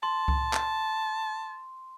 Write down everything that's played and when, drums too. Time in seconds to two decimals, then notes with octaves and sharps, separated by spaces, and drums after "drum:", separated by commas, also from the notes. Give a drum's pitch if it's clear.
0.03 A5 C6
0.28 drum: kick C#2
0.53 drum: clap